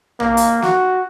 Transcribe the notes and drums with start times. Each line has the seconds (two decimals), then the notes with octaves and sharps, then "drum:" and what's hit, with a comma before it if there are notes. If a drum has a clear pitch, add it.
0.20 A#3, drum: tom
0.37 drum: hi-hat
0.62 F#4, drum: snare